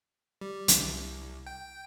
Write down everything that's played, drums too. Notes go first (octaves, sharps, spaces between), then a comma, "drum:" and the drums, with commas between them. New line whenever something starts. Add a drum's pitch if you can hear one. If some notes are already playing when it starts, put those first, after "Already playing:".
G3
C2, drum: hi-hat
G5